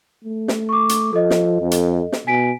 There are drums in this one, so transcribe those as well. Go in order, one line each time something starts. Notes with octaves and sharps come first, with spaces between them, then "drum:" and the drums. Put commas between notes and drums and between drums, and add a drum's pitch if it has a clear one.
A3
drum: snare
C#6 D6
drum: hi-hat
F3 A4 D#5
drum: snare
F2
drum: hi-hat
drum: snare
B2 G#5 B6 D7